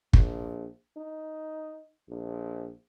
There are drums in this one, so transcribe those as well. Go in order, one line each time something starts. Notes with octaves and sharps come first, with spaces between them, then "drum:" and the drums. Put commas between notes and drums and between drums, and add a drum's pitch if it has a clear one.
A#1, drum: kick
D#4
A#1